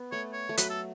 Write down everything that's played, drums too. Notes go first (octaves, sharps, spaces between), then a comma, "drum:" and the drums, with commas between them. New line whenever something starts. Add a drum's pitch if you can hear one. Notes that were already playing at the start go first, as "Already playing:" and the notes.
Already playing: B3
A3 C#5
C#5
A3
F#3 B4, drum: hi-hat
A4